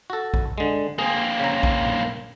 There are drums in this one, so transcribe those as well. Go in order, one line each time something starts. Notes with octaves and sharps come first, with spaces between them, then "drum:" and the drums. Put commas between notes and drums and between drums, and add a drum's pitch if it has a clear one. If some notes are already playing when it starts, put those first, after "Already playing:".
F#4 A4
drum: kick A#1
D3 G#3
A#3 C4 G#4
C#3 A#5
drum: kick A#1
drum: tom A#2